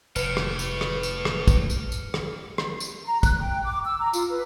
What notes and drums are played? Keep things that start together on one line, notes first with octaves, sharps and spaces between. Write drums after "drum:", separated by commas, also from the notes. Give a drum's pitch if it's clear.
F1 A2 B4 F6 C#7, drum: tambourine
drum: rim click
drum: tambourine
drum: rim click
drum: tambourine
drum: rim click
drum: kick, tambourine
drum: tambourine
drum: tambourine
drum: rim click
drum: rim click
drum: tambourine
A#5
F#6, drum: kick, tambourine
G5
D6
E6
A#5
F4, drum: tambourine
B4